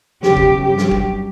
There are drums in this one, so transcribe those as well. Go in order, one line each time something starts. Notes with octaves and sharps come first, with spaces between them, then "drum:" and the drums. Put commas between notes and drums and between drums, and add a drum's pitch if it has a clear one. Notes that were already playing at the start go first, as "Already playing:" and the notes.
E2 C#3 F#3 G4, drum: snare
drum: kick
G2 F#3 G4
drum: snare
drum: kick